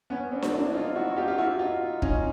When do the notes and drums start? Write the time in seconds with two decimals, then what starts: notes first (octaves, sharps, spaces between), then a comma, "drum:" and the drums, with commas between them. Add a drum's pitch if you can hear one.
0.10 B3 C#4
0.31 C4 D4
0.42 drum: snare D4
0.53 D4 E4
0.66 E4
0.74 D#4 F4
0.95 E4 F#4
1.11 F#4
1.16 F4 G4
1.28 F4
1.38 E4 F#4
1.59 D#4 F4
2.02 C#4 D#4, drum: kick